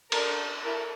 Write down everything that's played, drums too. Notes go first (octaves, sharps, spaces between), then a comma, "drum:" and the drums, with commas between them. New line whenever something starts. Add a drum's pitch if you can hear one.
D4 A4 A#4, drum: cymbal
E4 A4 A#4